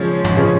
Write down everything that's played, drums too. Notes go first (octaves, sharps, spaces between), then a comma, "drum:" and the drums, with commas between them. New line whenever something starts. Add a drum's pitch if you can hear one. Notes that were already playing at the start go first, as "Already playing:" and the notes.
Already playing: C#3 F3 G#3 C#4
drum: tom
C#3 F3 G#3 C#4